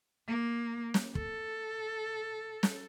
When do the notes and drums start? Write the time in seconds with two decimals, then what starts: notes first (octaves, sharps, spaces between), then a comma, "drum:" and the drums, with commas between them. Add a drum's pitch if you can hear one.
0.27 A#3
0.94 drum: snare
1.15 A4, drum: kick
2.63 drum: snare